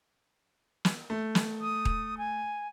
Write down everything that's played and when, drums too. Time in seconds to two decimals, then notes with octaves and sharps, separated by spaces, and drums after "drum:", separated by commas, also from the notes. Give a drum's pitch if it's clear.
0.85 drum: snare
1.10 A3
1.35 drum: snare
1.61 D#6
1.85 drum: kick D#1
2.18 G#5